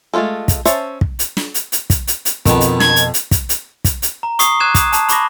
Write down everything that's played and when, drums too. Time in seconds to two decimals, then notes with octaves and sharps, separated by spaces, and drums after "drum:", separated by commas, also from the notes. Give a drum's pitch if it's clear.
0.14 G#3 A3 D4 F4 A4
0.48 drum: kick, hi-hat
0.65 C#4 C5 C#5 E5 A5, drum: hi-hat
1.01 drum: kick
1.19 drum: hi-hat
1.37 drum: snare
1.54 drum: hi-hat
1.72 drum: hi-hat
1.90 drum: kick, hi-hat
2.08 drum: hi-hat
2.25 drum: hi-hat
2.46 F2 B2 D#3 B3, drum: kick, hi-hat
2.61 drum: hi-hat
2.80 G#6, drum: snare
2.96 drum: hi-hat
3.14 drum: hi-hat
3.31 drum: kick, hi-hat
3.49 drum: hi-hat
3.85 drum: kick, hi-hat
4.02 drum: hi-hat
4.23 A#5
4.39 C#6 D#6 C7, drum: hi-hat
4.60 D6 F#6 G#6 D#7 E7
4.75 D#6, drum: kick, hi-hat
4.93 A5, drum: hi-hat
5.09 B5 C#6 D6 A#6, drum: hi-hat